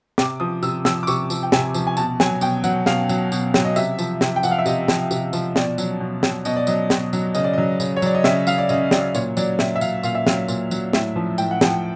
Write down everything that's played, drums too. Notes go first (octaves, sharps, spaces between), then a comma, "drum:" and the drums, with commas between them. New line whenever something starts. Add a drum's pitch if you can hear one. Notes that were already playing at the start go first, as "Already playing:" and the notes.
C3 D6, drum: snare
F3 D#6
C3 E6, drum: tambourine
F3 E6, drum: snare
D6
C3 C#6, drum: tambourine
F3, drum: tambourine
G5
C3 G#5, drum: snare
F3, drum: tambourine
G#5
B2 A5, drum: tambourine
F#3 G#5, drum: snare
B2 G5, drum: tambourine
F#3 F#5, drum: tambourine
B2 F5, drum: snare
F#3, drum: tambourine
B2, drum: tambourine
F#3, drum: snare
D#5
C3 E5, drum: tambourine
F3, drum: tambourine
C3, drum: snare
G5
F3 F#5, drum: tambourine
F5
E5
C3 D#5, drum: tambourine
F3, drum: snare
C3, drum: tambourine
F3, drum: tambourine
B2 D5, drum: snare
F#3, drum: tambourine
B2
F#3, drum: snare
B2 D#5, drum: tambourine
D5
F#3 D#5, drum: tambourine
B2, drum: snare
F#3, drum: tambourine
C#3 D#5, drum: tambourine
D5
F#3 D#5
C#3, drum: tambourine
C#5
F#3 D5, drum: tambourine
D#5
C#3 E5, drum: snare
F#3 F5, drum: tambourine
D5
C#3 D#5, drum: tambourine
F#3 D5, drum: snare
A#2 C#5, drum: tambourine
F#3 D5, drum: tambourine
A#2 E5, drum: snare
E5
F#3 F5, drum: tambourine
A#2 F5, drum: tambourine
E5
F#3 F5, drum: snare
A#2, drum: tambourine
F#3, drum: tambourine
A2 E5, drum: snare
F3
A2 G5, drum: tambourine
F#5
F3 G5, drum: snare